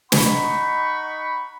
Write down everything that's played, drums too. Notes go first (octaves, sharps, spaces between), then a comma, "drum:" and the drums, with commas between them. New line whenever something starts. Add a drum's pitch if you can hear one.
D#4 F#5 B5 C#6, drum: snare